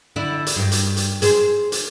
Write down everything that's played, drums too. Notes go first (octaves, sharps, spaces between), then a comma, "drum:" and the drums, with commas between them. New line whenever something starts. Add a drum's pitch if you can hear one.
D3 E4
drum: hi-hat
G2
drum: hi-hat
drum: hi-hat
G#4 C5, drum: hi-hat
drum: hi-hat